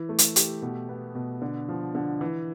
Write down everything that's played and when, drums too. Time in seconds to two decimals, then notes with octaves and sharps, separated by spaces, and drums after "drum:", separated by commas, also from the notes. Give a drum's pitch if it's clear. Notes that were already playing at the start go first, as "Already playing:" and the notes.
Already playing: E3
0.09 A3
0.19 drum: hi-hat
0.36 G4, drum: hi-hat
0.62 B2
0.89 B3
1.15 B2
1.42 D3
1.69 F3
1.95 D3
2.21 E3